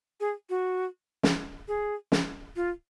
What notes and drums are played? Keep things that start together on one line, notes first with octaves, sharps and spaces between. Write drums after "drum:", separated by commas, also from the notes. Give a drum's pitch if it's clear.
G#4
F#4
drum: snare
G#4
drum: snare
F4